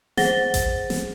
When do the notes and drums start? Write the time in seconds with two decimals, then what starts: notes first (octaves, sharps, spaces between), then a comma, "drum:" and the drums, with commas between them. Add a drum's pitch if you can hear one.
0.17 G#4 C5 F#5 A6 A#6 G7, drum: snare
0.54 drum: kick G#1, hi-hat
0.90 drum: snare